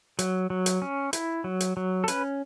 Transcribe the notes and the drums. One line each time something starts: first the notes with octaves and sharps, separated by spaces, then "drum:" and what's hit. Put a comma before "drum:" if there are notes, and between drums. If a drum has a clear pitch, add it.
F#3, drum: hi-hat
F#3
drum: hi-hat
C#4
E4, drum: hi-hat
F#3
drum: hi-hat
F#3
A4
C#4 B4, drum: hi-hat